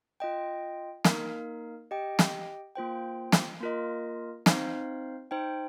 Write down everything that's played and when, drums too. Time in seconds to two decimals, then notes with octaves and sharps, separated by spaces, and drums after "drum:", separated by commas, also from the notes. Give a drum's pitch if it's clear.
0.20 F4 D#5 G5
1.05 A#3 D#4 A#4 F5, drum: snare
1.91 G4 D#5 G5
2.19 drum: snare
2.76 A#3 F4 C5 G5
3.32 drum: snare
3.61 A#3 F4 A#4 D#5
4.46 C4 D#4 C5 F5, drum: snare
5.31 D#4 C5 G5